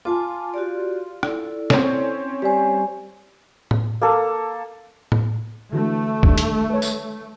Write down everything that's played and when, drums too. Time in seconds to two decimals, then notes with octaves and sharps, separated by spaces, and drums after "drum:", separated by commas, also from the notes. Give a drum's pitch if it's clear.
0.05 F4 G#5 A5 D6
0.54 F#4 G4 D5
1.23 E4 A4 D5, drum: rim click
1.70 C4 C#4 C#5, drum: snare
2.42 G3 G4 C5 D5 G#5
3.71 drum: tom A2
4.02 A#3 A4
5.12 drum: tom A2
5.72 D3 E3 A3 F#4
6.23 D#3 G3 D4, drum: kick E1
6.38 drum: hi-hat
6.70 B4 C#5
6.82 drum: tambourine